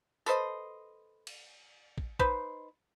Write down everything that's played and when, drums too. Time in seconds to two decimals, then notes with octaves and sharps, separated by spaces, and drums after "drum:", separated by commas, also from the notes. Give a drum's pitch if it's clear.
0.26 A4 B4 C5 D#5, drum: tambourine
1.27 drum: cymbal
1.98 drum: kick
2.19 D#4 B4 C5, drum: kick